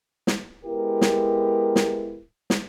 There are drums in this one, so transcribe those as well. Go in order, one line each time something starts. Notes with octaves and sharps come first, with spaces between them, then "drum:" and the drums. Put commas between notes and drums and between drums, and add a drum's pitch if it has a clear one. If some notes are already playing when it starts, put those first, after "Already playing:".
drum: snare
G#3 B3 E4 G4 A#4
drum: snare
drum: snare
drum: snare